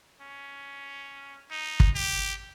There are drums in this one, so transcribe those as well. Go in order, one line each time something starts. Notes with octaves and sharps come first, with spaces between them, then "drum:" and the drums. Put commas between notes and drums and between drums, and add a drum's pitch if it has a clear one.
C#4
D#4
drum: kick
G4